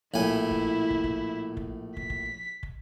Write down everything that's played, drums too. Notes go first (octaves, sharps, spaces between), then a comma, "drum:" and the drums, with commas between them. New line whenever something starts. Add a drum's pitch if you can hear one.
A#1 A2 E4 G#5
drum: kick
drum: kick
drum: kick
drum: kick
B6, drum: kick
drum: kick
drum: kick